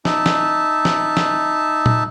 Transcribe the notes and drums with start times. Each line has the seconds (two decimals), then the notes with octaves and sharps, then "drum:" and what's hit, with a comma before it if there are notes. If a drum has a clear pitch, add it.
0.05 D#4 E5 A5, drum: snare
0.26 drum: snare
0.85 drum: snare
1.17 drum: snare
1.86 drum: tom